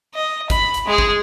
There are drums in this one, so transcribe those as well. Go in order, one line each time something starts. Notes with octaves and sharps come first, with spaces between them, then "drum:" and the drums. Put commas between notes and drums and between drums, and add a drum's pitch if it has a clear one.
D#5
B5, drum: kick, hi-hat
drum: hi-hat
G#3 G#4
drum: kick